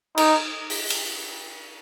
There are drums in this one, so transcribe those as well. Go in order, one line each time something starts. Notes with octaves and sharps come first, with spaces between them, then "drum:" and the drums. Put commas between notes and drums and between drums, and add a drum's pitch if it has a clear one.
D#4, drum: cymbal
drum: open hi-hat
drum: cymbal